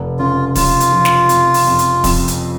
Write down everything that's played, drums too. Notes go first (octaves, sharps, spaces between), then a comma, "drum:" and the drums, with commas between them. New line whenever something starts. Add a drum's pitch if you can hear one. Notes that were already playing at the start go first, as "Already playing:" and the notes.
Already playing: F1
C#3 F4
F1 F4, drum: kick, open hi-hat
drum: hi-hat
F3
drum: snare
F2, drum: hi-hat
drum: open hi-hat
F2
drum: hi-hat
F2, drum: kick, open hi-hat
drum: hi-hat